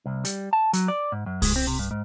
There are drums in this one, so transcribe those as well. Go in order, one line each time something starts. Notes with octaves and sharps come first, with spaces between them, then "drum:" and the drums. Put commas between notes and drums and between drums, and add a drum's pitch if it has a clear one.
C2
G3, drum: hi-hat
A5
F#3, drum: hi-hat
D5
G#2
F#2
G#3, drum: kick C2, open hi-hat
C4
C3
G2
G#2